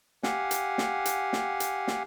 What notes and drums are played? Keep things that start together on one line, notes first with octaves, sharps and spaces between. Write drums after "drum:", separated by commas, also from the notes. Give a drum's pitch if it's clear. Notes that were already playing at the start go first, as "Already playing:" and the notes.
G4 F5 F#5 G#5, drum: snare
drum: hi-hat
drum: snare
drum: hi-hat
drum: snare
drum: hi-hat
drum: snare